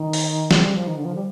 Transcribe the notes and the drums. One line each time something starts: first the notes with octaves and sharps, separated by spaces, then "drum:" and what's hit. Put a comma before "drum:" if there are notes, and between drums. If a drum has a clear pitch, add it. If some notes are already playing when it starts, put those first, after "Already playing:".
Already playing: D#3
drum: open hi-hat
G#3, drum: snare
G3
F3
D#3
D3
F3
G3